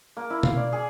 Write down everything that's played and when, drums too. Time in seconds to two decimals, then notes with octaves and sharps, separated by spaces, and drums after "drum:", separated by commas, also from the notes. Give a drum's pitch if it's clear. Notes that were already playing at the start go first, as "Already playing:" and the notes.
0.17 A#3
0.30 E4
0.43 F5, drum: tom B2
0.57 D5
0.72 G#4